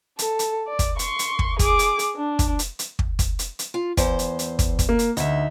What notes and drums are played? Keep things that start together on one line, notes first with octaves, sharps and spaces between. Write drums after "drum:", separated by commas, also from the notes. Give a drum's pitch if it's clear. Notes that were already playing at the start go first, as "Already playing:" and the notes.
A4, drum: hi-hat
drum: hi-hat
D5
drum: kick, hi-hat
C6 C#6, drum: hi-hat
drum: hi-hat
drum: kick
G#4 D6, drum: kick, hi-hat
drum: hi-hat
drum: hi-hat
D4
drum: kick, hi-hat
drum: hi-hat
drum: hi-hat
drum: kick
drum: kick, hi-hat
drum: hi-hat
drum: hi-hat
F4
E2 C5, drum: kick, hi-hat
drum: hi-hat
drum: hi-hat
drum: kick, hi-hat
drum: kick, hi-hat
A#3
drum: hi-hat
D2 D#4 E5, drum: hi-hat